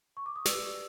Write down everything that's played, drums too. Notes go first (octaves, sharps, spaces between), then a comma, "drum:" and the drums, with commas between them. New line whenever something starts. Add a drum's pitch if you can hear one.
C#6
D6
D#6
G4 B4 D5 E6, drum: snare